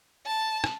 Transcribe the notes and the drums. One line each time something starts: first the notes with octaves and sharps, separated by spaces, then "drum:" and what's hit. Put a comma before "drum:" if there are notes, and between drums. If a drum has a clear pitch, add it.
A5
drum: rim click